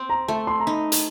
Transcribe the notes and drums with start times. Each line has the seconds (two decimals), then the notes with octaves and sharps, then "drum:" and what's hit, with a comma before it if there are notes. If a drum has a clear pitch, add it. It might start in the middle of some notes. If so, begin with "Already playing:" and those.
Already playing: C4
0.10 A#5
0.28 A3 A5
0.47 C6
0.60 A#5
0.66 D#4 B5
0.92 drum: hi-hat